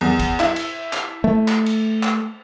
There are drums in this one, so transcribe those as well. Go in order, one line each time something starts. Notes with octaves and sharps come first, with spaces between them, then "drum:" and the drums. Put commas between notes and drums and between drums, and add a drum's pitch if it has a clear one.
E2
drum: kick G#1, cymbal
E4, drum: clap
drum: cymbal
drum: clap
A3
drum: clap
drum: cymbal
drum: clap